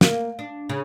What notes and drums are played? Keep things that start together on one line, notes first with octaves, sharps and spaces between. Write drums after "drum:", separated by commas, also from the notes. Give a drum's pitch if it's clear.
A#3, drum: snare
D4
C#3